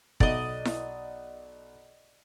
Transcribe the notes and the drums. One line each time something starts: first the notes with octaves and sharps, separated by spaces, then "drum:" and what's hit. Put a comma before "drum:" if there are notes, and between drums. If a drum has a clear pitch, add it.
B1 D5 D#5, drum: kick
drum: snare E4